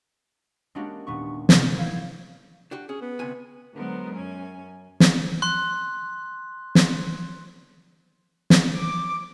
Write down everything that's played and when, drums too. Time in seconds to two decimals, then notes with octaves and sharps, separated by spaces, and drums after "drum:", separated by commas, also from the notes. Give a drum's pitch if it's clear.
0.75 G#3 A#3 C#4 D4 F#4 G4
1.07 D#1 B3 C#6
1.49 G1 C3 A#3 C5 F6 G6, drum: snare
1.77 E4 F5 G#6
2.71 D4 F#4 G4
2.89 C#4 G#4
3.02 B3
3.19 D2 C3 G#5
3.74 D3 F#3 G#3 B3 A#4 C5
4.15 F#2 C#4 G#5
5.00 drum: snare
5.42 C6 F#6
6.75 drum: snare
8.50 drum: snare
8.76 D6